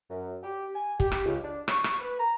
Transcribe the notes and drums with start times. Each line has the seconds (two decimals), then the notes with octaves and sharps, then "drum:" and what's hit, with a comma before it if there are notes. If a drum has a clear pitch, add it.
0.10 F#2
0.43 G4
0.75 G#5
1.00 G4, drum: kick
1.12 drum: rim click
1.26 C#2
1.44 D4
1.68 C#6, drum: rim click
1.84 drum: rim click
1.99 B4
2.19 A#5